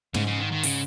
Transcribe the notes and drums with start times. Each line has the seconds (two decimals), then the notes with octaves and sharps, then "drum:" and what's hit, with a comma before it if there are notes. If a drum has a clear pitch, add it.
0.14 G#2 C#3, drum: snare
0.26 C#3
0.39 D#3
0.52 D#3
0.63 C#3, drum: open hi-hat